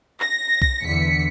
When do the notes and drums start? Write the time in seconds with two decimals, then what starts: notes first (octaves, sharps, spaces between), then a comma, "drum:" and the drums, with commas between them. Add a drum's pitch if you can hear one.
0.20 A#6, drum: clap
0.62 drum: kick B1
0.84 E2 D3 E3 B6 C#7